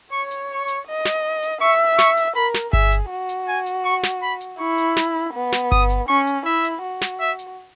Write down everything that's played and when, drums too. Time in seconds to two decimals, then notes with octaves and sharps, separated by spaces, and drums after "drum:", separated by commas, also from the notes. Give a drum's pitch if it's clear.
0.12 C#5 C#6
0.31 drum: hi-hat
0.50 C#6
0.68 drum: hi-hat
0.87 D#5
1.05 drum: snare
1.43 drum: hi-hat
1.61 E5 C#6
1.99 C#6, drum: snare
2.17 drum: hi-hat
2.36 A#4 B5
2.54 drum: snare
2.73 G#4 E5, drum: kick G1
2.92 drum: hi-hat
3.10 F#4
3.29 drum: hi-hat
3.48 G#5
3.66 drum: hi-hat
3.85 C#6
4.03 drum: snare
4.22 B5
4.41 drum: hi-hat
4.59 E4 C#6
4.78 drum: hi-hat
4.97 drum: snare
5.34 B3
5.52 drum: snare
5.72 D#6, drum: kick G1
5.90 drum: hi-hat
6.08 C#4 C#6
6.27 drum: hi-hat
6.45 E4 E5
6.64 drum: hi-hat
6.83 F#4
7.01 drum: snare
7.20 E5
7.39 drum: hi-hat